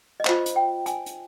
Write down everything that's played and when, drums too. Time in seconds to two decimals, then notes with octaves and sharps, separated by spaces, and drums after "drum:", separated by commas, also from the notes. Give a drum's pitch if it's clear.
0.20 D#5
0.25 F4 C5 F5, drum: clap
0.46 drum: hi-hat
0.56 G5
0.86 G#5, drum: hi-hat
1.06 drum: hi-hat